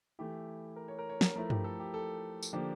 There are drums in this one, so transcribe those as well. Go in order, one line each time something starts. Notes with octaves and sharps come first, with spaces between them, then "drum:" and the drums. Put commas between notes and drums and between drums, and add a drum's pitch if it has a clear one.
E3 A3 E4 G4
A#4
C#5
A#4
C#5
A#4, drum: snare
F3 A3 E4 A#4
G4, drum: tom G2
A4
G4
A4
drum: tambourine
D3 F3 A#3 D4 G4